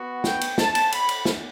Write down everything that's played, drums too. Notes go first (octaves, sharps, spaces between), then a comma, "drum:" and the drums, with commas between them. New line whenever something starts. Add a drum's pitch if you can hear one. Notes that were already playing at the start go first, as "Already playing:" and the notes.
Already playing: B3 F#4
G5, drum: snare
drum: cymbal
A5, drum: snare
drum: cymbal
B5, drum: cymbal
drum: cymbal
drum: snare